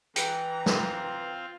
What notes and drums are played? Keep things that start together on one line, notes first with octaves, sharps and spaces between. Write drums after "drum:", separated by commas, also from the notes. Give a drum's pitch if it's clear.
E3 B4 G5 A#5, drum: hi-hat
C4 F4, drum: snare